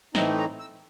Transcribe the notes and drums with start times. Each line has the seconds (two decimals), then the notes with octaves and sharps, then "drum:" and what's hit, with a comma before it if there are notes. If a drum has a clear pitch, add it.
0.15 A2 E3 A3 C4 D#4 A#5, drum: snare
0.38 A#5
0.59 E6